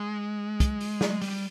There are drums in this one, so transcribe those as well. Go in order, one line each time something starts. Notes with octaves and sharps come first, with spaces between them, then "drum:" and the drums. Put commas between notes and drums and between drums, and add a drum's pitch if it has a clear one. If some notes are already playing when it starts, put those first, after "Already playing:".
Already playing: G#3
drum: kick, hi-hat
drum: open hi-hat
drum: snare
G3, drum: open hi-hat